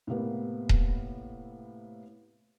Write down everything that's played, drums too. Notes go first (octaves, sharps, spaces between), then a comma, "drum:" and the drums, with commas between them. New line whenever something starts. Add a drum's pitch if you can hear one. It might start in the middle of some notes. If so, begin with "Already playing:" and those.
A2 C3 A#3 B3
drum: kick D#1